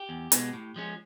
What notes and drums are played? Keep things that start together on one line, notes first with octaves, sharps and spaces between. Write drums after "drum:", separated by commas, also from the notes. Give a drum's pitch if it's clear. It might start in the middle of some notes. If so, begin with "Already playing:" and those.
Already playing: G4
E2
B2 G#3 B3, drum: hi-hat
A2
F3 G#3 C#4